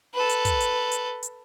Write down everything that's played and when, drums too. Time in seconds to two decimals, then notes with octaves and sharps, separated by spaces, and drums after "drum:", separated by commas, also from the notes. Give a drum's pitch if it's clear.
0.14 A4 B4
0.29 drum: hi-hat
0.45 drum: kick, hi-hat
0.60 drum: hi-hat
0.91 drum: hi-hat
1.23 drum: hi-hat